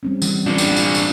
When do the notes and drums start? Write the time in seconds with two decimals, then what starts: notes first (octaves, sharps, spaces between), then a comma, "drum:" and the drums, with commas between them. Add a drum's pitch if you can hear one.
0.03 G3 C4 C#4
0.22 E3, drum: tambourine
0.46 D4 F4
0.58 drum: tambourine
0.76 drum: tambourine
0.95 drum: tambourine